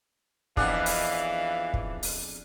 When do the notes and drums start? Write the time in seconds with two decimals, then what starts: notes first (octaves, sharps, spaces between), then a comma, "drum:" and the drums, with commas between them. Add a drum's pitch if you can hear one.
0.57 F2 E3 B3 D4 G#4 F5, drum: kick
0.86 drum: open hi-hat
1.74 drum: kick
2.03 drum: open hi-hat